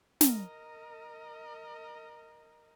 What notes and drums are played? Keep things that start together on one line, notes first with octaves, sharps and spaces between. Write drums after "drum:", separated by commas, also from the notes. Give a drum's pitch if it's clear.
A#4 D#5, drum: snare